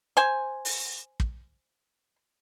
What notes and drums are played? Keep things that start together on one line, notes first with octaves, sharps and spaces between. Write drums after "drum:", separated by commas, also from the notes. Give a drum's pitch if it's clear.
C5 G#5
drum: open hi-hat
drum: kick